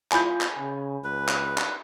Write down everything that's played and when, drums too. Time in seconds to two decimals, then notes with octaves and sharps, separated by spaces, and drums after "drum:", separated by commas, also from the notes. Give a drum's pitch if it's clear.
0.12 F4 G#5 B5 G6, drum: clap
0.41 drum: clap
0.58 C#3
1.04 C#2 B4
1.29 drum: clap
1.58 drum: clap